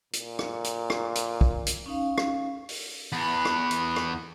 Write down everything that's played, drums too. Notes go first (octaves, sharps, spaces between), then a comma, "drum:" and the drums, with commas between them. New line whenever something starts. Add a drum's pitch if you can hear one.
A#2, drum: hi-hat
drum: rim click
drum: hi-hat
drum: rim click
drum: hi-hat
drum: kick
drum: hi-hat
C#4 D#4 F5
drum: rim click
drum: open hi-hat
E2 B3
drum: rim click
drum: hi-hat
drum: rim click